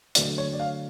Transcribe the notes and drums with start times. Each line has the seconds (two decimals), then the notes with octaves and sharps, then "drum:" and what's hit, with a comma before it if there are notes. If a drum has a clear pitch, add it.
0.15 D3 F#3 A3 D5, drum: hi-hat
0.38 C#5
0.53 D5
0.59 F5